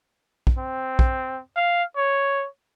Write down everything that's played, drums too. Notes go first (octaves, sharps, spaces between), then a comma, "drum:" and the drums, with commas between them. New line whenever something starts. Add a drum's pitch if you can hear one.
drum: kick
C4
drum: kick
F5
C#5